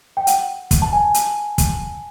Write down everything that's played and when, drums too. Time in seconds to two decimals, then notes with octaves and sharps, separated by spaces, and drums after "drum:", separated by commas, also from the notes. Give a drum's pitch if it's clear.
0.17 G5
0.27 F#5, drum: hi-hat
0.71 drum: kick, hi-hat
0.82 A5
0.93 G#5
1.14 drum: hi-hat
1.58 drum: kick, hi-hat